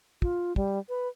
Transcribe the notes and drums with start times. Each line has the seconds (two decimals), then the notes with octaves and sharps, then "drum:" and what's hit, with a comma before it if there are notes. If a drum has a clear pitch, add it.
0.22 F4, drum: kick
0.56 G3, drum: kick
0.89 B4